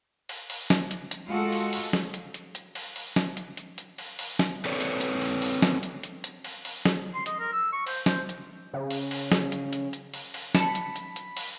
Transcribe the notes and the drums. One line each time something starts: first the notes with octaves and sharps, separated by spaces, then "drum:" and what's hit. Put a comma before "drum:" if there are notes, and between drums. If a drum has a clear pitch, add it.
drum: open hi-hat
drum: open hi-hat
drum: snare
drum: hi-hat
drum: hi-hat
G#3 F4 F#4 A4
drum: open hi-hat
drum: open hi-hat
drum: snare
drum: hi-hat
drum: hi-hat
drum: hi-hat
drum: open hi-hat
drum: open hi-hat
drum: snare
drum: hi-hat
drum: hi-hat
drum: hi-hat
drum: open hi-hat
drum: open hi-hat
drum: snare
C4 A4 B4 C#5 D5
drum: hi-hat
drum: hi-hat
drum: open hi-hat
drum: open hi-hat
drum: snare
drum: hi-hat
drum: hi-hat
drum: hi-hat
drum: open hi-hat
drum: open hi-hat
drum: snare
C6
D#5, drum: hi-hat
A#4
E6
C#6
C5, drum: open hi-hat
C5, drum: snare
drum: hi-hat
C#3
drum: open hi-hat
drum: open hi-hat
drum: snare
drum: hi-hat
drum: hi-hat
drum: hi-hat
drum: open hi-hat
drum: open hi-hat
A5 B5 C#7, drum: snare
drum: hi-hat
drum: hi-hat
drum: hi-hat
drum: open hi-hat